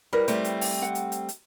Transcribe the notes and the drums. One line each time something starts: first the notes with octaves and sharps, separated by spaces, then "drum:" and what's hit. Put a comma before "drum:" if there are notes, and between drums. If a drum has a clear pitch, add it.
G3 E4 A#4 B4
G3 A3 C4, drum: hi-hat
drum: hi-hat
drum: open hi-hat
F#5
drum: hi-hat
drum: hi-hat
drum: hi-hat